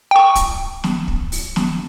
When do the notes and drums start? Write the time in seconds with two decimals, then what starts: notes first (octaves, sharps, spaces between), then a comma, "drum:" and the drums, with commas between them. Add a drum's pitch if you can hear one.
0.11 G5 C#6
0.35 drum: kick, hi-hat
0.84 drum: snare
1.08 drum: kick
1.32 drum: open hi-hat
1.56 drum: snare